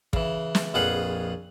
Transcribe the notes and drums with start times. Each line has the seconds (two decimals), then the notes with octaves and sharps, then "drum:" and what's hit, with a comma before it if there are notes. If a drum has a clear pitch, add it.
0.13 C#3 E3, drum: kick
0.55 drum: snare
0.74 A#1 F2 G#4 B4 F5 F#5